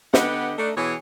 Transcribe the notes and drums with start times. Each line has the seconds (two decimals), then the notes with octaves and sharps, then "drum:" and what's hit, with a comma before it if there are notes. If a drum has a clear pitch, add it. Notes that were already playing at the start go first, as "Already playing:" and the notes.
0.14 D3 B3 G4 B4 D#5 F#5, drum: snare
0.58 A3 D4 D#4
0.77 B2 E3 G#4 C#5